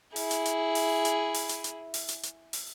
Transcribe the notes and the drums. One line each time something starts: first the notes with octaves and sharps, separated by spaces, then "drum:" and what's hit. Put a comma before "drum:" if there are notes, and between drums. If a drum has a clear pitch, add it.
E4 G#4, drum: open hi-hat
drum: hi-hat
drum: hi-hat
drum: open hi-hat
drum: hi-hat
drum: open hi-hat
drum: hi-hat
drum: hi-hat
drum: open hi-hat
drum: hi-hat
drum: hi-hat
drum: open hi-hat